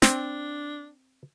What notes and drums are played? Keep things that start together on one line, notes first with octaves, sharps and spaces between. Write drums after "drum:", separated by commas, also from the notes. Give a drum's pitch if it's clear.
C4 D4, drum: snare